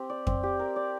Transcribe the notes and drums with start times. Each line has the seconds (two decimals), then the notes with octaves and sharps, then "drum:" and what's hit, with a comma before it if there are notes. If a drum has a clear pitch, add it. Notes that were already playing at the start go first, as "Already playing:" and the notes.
Already playing: C4 G4
0.10 D5
0.27 C4, drum: kick F2
0.43 G4
0.59 A#4
0.76 D5